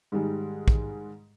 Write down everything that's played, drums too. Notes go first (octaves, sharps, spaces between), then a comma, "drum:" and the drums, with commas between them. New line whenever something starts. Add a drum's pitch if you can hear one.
G#2 D#3 G3 G#3
drum: kick